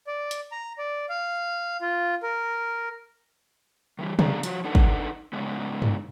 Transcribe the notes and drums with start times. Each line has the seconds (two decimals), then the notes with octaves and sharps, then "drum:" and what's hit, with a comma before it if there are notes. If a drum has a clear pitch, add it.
0.07 D5
0.31 drum: hi-hat
0.52 A#5
0.78 D5
1.09 F5
1.81 F4
2.23 A#4
3.99 D#3 E3 G3
4.19 E3 B3 D4 D5 F5 A#5, drum: tom C3
4.43 F3 F#4, drum: hi-hat
4.64 D4 D#4 A4 B4 F#5
4.75 drum: kick
5.33 C#3 G#3 B3
5.82 drum: tom G2